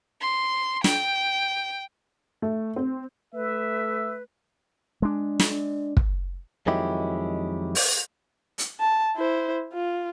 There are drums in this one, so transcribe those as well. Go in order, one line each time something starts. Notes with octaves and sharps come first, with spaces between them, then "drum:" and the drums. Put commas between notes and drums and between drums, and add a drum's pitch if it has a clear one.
C6
G5, drum: snare
A3
C4
A3 B4 E5
G#3 D4
drum: snare
drum: kick
F2 D#3 F#3 G#3 E4 G4
drum: open hi-hat
drum: hi-hat
A5
E4 C5
F4